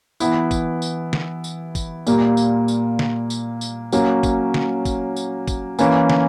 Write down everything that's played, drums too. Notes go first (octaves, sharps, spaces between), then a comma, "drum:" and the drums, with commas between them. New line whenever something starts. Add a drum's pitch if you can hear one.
E3 B3 E4, drum: tambourine
drum: kick, tambourine
drum: tambourine
drum: snare
drum: tambourine
drum: kick, tambourine
A#2 G3 A#3, drum: tambourine
drum: tambourine
drum: tambourine
drum: snare
drum: tambourine
drum: tambourine
F#3 A#3 C#4, drum: tambourine
drum: kick, tambourine
drum: snare
drum: kick, tambourine
drum: tambourine
drum: kick, tambourine
E3 A#3 C#4, drum: tambourine
drum: snare